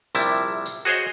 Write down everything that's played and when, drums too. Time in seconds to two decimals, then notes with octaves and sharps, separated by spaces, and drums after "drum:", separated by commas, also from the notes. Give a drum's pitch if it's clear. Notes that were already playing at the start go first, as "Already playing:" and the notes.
0.15 A#1 C3 G3 E4 A5, drum: tambourine
0.66 drum: tambourine
0.85 F#4 G#4 C5 C#5 D#5